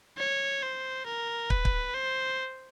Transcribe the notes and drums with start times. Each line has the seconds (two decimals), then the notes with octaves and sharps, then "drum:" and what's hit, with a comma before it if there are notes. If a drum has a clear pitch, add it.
0.18 C#5
0.63 C5
1.06 A#4
1.50 B4, drum: kick
1.65 drum: kick
1.94 C5